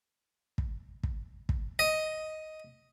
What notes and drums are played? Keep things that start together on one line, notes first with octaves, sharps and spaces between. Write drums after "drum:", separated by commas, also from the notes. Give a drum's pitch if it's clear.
drum: kick
drum: kick
drum: kick
D#5